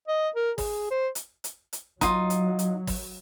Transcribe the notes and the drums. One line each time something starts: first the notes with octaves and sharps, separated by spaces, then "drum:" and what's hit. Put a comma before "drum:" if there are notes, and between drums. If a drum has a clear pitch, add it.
D#5
A#4
G#4, drum: kick, open hi-hat
C5
drum: hi-hat
drum: hi-hat
drum: hi-hat
F#3 D#4 F4, drum: kick, hi-hat
drum: hi-hat
drum: hi-hat
drum: kick, open hi-hat